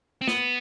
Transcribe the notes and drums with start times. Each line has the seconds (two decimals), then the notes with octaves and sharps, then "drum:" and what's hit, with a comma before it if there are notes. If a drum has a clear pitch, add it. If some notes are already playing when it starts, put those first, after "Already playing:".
0.21 C4
0.27 B3, drum: snare